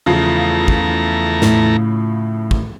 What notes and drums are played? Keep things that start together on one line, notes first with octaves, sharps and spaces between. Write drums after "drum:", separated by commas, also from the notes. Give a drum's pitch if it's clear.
E2 C#3 F3 A3 F4 A#5
drum: kick
A2, drum: snare
drum: kick